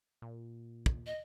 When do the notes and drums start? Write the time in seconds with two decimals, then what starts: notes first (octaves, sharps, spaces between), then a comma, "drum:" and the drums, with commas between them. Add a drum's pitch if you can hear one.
0.22 A#2
0.86 drum: kick
1.06 D#5